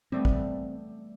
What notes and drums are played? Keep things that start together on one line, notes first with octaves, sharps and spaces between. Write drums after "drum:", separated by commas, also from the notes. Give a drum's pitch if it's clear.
G3 A3 B3 C4
drum: kick